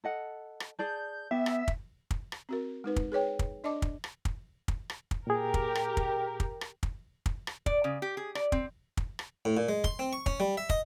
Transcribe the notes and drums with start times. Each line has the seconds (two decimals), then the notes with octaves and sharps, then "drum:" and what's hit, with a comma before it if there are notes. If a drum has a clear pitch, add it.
0.04 A4 D#5 F#5
0.60 drum: rim click
0.79 G#4 D5 A5 G6
1.31 B3 G4 E5
1.46 drum: rim click
1.68 drum: kick
2.11 drum: kick
2.32 drum: rim click
2.49 C4 F#4 A#4
2.84 G#3 D#4 B4
2.96 drum: kick
3.12 G#4 B4 C#5 G5
3.39 drum: kick
3.64 D4 D5 D#5 A5 D6
3.82 drum: kick
4.04 drum: rim click
4.25 drum: kick
4.68 drum: kick
4.90 drum: rim click
5.11 drum: kick
5.27 A#2 G4 G#4 A#4
5.54 drum: kick
5.75 drum: rim click
5.97 drum: kick
6.40 drum: kick
6.61 drum: rim click
6.83 drum: kick
7.26 drum: kick
7.47 drum: rim click
7.66 D5, drum: kick
7.84 C#3
8.02 G4
8.17 G#4
8.35 D5, drum: rim click
8.52 C4, drum: kick
8.97 drum: kick
9.19 drum: rim click
9.45 A2
9.57 A#2
9.69 G#3
9.84 C6, drum: kick
9.99 C4
10.13 C#6
10.26 C#4, drum: kick
10.40 G3
10.57 E5
10.69 D#5, drum: kick